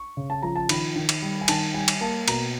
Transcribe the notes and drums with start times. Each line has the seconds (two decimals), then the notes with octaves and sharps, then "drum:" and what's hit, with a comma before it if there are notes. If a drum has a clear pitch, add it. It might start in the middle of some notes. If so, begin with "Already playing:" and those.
Already playing: C#6
0.17 C#3
0.30 A5
0.42 F3 A#5
0.56 A5
0.69 D#3 B5, drum: cymbal
0.96 D#3
1.09 drum: cymbal
1.22 G3
1.41 G#5
1.48 D#3 A5, drum: cymbal
1.74 G3 G#5
1.88 drum: cymbal
2.01 A#3 A5
2.28 B2 A#5, drum: cymbal